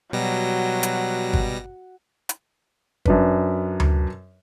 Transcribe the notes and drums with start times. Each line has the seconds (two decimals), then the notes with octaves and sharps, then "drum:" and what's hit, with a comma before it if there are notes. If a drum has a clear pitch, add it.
0.13 B2 F#3 G3 A#6
0.83 drum: hi-hat
1.33 drum: kick
2.29 drum: hi-hat
3.05 F#2 D4 B4, drum: kick
3.80 drum: tom D2